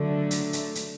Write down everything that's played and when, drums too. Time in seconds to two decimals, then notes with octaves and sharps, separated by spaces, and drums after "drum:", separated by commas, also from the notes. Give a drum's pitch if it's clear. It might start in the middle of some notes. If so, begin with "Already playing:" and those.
Already playing: D3 F#3 A3
0.31 drum: hi-hat
0.53 drum: hi-hat
0.75 drum: hi-hat